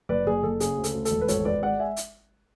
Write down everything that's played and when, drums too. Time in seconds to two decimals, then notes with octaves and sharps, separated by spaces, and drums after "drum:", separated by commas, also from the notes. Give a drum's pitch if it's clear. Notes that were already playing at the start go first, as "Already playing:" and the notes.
0.09 F#1 B4 D5
0.26 F#1 G#4
0.43 F#1 A4
0.60 C#3 G#4, drum: hi-hat
0.77 D2
0.84 A4, drum: hi-hat
0.94 D2
1.05 A4, drum: hi-hat
1.11 E1
1.21 B4
1.28 G#1 A4 C#5, drum: hi-hat
1.45 G#1 B4 D5
1.62 G#3 D5 F#5
1.80 E5 G#5
1.97 drum: hi-hat